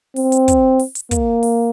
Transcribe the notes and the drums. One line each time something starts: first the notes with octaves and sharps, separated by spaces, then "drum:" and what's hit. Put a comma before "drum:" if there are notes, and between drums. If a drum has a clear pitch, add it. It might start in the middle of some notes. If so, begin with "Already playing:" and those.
C4, drum: open hi-hat
drum: hi-hat
drum: kick, hi-hat
drum: open hi-hat
drum: hi-hat
A#3, drum: kick, hi-hat
drum: open hi-hat